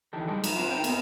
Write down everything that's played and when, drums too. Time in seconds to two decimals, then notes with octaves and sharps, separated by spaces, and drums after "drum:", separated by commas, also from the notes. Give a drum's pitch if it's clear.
0.13 D#3 E3 D4 D#4 G4 A4
0.27 G3 G#3 D#4 A4 D5 D#5
0.44 F#3 D#4, drum: cymbal
0.56 F#3 C4 D4 F4
0.71 D#4 A4 G5
0.84 B3 C4 A#4 D#5, drum: cymbal